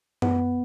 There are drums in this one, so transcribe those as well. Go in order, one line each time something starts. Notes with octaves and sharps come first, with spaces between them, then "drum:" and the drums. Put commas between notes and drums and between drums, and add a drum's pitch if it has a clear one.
B3, drum: tom F#2